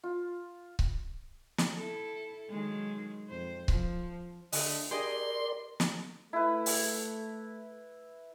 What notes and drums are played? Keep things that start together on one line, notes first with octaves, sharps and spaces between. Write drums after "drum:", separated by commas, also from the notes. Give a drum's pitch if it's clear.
F4
drum: kick C#1
drum: snare
E4 A4
D#3 F#3 G#3
F2 C5
F3, drum: kick C#1
D3 A3 D#5, drum: open hi-hat
G4 G#4 A#4 D5 D#5 C6
drum: snare
A3 E4 B4
drum: open hi-hat